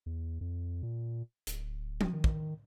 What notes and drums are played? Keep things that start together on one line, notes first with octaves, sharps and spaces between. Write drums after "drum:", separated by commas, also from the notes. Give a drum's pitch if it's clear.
E2
F2
A#2
D1, drum: hi-hat
drum: tom F3
D#3
drum: kick